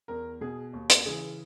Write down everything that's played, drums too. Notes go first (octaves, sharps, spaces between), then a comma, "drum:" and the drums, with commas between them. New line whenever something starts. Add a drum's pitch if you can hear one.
E2 A#4
B2 G#4
D#2
drum: hi-hat
C#3 E3 G#4